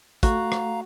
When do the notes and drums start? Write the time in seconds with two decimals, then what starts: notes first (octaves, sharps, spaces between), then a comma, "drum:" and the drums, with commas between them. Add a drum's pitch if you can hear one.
0.23 A3 F#4 F5 A#5, drum: kick, hi-hat
0.52 drum: rim click